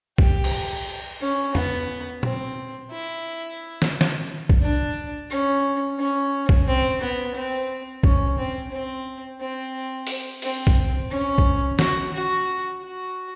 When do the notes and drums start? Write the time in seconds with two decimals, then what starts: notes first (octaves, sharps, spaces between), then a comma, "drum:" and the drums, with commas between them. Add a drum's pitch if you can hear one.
0.18 G4, drum: kick B1
0.44 drum: cymbal
1.21 C#4
1.55 B3, drum: tom E2
2.23 C4, drum: tom
2.91 E4
3.82 drum: snare
4.01 drum: snare
4.49 drum: kick B1
4.61 D4
5.30 C#4
5.99 C#4
6.49 drum: kick B1
6.67 C4
7.01 B3
7.35 C4
8.03 C#4, drum: kick B1
8.38 C4
8.72 C4
9.40 C4
10.07 drum: open hi-hat
10.42 C4, drum: open hi-hat
10.67 drum: kick B1
11.11 C#4
11.38 drum: kick B1
11.79 F#4, drum: snare
12.13 F#4
12.82 F#4